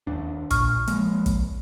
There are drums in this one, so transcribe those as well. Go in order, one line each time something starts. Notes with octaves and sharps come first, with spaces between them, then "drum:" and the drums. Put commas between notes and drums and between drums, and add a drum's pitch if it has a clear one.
D#2 D4
A#2 C#6 F6, drum: kick, hi-hat
F3 G#3 A#3, drum: hi-hat
drum: kick, hi-hat